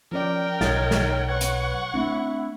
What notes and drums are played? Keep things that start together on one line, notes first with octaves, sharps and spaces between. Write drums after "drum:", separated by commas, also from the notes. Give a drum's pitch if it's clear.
F3 C#4 A#4 D5 G5
B1 D#4 C#5 D#5 A6, drum: snare
drum: snare
B4 C#5 F#5 C#6 G#6
drum: hi-hat
A3 C4 D4 E4